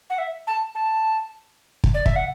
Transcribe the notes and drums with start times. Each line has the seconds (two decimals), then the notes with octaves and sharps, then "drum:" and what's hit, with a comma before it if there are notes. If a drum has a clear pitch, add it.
0.10 F#5
0.18 E5
0.47 A5
0.75 A5
1.84 drum: kick
1.94 D5
2.06 E5, drum: kick
2.16 F#5